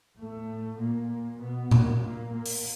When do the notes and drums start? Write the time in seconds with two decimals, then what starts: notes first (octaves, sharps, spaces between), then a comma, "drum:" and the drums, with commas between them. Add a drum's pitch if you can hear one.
0.18 A2 A3
0.79 A#2 A#3
1.40 B2 B3
1.71 A#2 A#3, drum: tom A#2
2.02 A#2 A#3
2.33 A#2 A#3
2.46 drum: open hi-hat